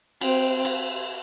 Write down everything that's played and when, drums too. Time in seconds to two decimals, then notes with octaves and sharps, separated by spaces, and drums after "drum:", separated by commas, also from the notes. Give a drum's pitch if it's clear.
0.21 C4, drum: cymbal
0.65 drum: cymbal